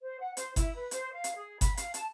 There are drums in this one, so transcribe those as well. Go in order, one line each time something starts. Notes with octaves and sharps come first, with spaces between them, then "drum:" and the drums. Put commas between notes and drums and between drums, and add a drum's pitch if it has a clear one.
C5
F#5
C5, drum: hi-hat
E4, drum: kick G1, hi-hat
B4
C5, drum: hi-hat
F5
drum: hi-hat
G#4
B5, drum: kick G1, hi-hat
F5, drum: hi-hat
A5, drum: hi-hat